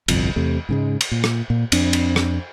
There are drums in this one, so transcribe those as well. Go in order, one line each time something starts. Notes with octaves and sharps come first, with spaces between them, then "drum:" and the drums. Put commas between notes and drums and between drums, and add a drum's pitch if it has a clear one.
G1 C2 F2, drum: cymbal
E2 C3 A3
G#2 C#3 G#3
drum: cymbal
A#2
drum: rim click
A#2
F2 C4 D4, drum: cymbal
drum: cymbal
drum: rim click